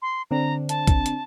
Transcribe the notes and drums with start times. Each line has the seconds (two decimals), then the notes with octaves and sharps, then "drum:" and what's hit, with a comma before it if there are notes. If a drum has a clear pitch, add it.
0.02 C6
0.31 D3 C4 D4 A#5
0.69 A5, drum: hi-hat
0.87 drum: kick, hi-hat
1.06 drum: hi-hat